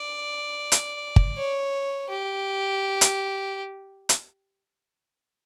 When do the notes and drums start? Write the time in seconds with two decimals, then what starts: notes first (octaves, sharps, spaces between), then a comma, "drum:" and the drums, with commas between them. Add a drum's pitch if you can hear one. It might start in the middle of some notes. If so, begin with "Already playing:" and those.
Already playing: D5
0.72 drum: hi-hat
1.16 drum: kick G1
1.37 C#5
2.09 G4
3.01 drum: hi-hat
4.09 drum: hi-hat